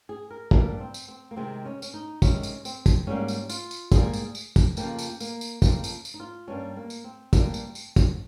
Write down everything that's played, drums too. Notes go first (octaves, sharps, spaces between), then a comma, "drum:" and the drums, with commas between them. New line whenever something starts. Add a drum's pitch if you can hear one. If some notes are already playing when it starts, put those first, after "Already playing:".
G#4
A#4
G2 G3 A#3 A#4, drum: kick
C4
drum: tambourine
C4
A#3
C3 D#3 G#3 C4
C#4
C#4, drum: tambourine
D#4
C3 D#3 G#3 C#4, drum: kick, tambourine
drum: tambourine
C4, drum: tambourine
drum: kick, tambourine
G#2 G3 A#3 C#4
drum: tambourine
F4, drum: tambourine
drum: tambourine
G#2 G3 A#3 G#4, drum: kick, tambourine
drum: tambourine
drum: tambourine
drum: kick, tambourine
F2 C#3 F3 A#3 G4, drum: tambourine
drum: tambourine
A#3, drum: tambourine
drum: tambourine
F2 C#3 F3 A#3 C4, drum: kick, tambourine
drum: tambourine
drum: tambourine
D#4
F4
G2 G3 A#3 C#4
A#3
drum: tambourine
C4
G2 G3 A#3, drum: kick, tambourine
drum: tambourine
drum: tambourine
drum: kick, tambourine